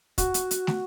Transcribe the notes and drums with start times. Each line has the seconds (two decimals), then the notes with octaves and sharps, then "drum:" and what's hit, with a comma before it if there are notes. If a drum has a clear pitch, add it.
0.18 F#4, drum: kick, hi-hat
0.34 drum: hi-hat
0.51 drum: hi-hat
0.67 drum: snare